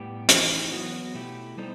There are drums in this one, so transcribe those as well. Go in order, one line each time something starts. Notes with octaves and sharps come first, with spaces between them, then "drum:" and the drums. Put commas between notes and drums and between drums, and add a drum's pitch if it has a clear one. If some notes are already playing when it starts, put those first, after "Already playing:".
Already playing: A2 G3 B3 G4
E3 A3 D#4, drum: hi-hat
F#3 B3 F#4
B2 A3 E4 G4
G3 B3 D#4 A4 C5